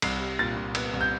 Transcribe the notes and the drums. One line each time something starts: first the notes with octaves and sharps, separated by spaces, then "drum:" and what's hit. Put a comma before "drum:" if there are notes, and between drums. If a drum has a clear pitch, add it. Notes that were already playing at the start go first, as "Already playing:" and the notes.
C2 C7, drum: cymbal
G3
A#2 A6
A#2
B3, drum: cymbal
C2
G6